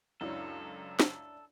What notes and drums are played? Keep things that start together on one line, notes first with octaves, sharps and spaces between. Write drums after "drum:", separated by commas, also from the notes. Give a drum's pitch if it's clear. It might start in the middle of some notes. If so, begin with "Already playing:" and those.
C#2 F#2 D4 E4 A4 C#5
drum: snare